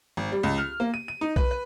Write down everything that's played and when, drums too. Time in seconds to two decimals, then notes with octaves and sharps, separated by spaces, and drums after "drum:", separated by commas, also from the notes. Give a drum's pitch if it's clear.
0.17 G#1
0.32 G3
0.43 C#2
0.58 F6
0.80 A#3
0.94 D#7
1.08 D#7
1.21 D#4
1.36 B4, drum: kick B1
1.51 B4